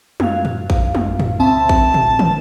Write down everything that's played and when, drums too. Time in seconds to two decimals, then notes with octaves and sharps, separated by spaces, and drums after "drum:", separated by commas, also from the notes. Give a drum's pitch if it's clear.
0.20 F#2 F5, drum: tom
0.45 drum: tom
0.70 drum: kick A1
0.95 drum: tom
1.20 drum: tom
1.40 C#2 C4 E5 A5
1.69 drum: kick A1
1.94 drum: tom
2.19 drum: tom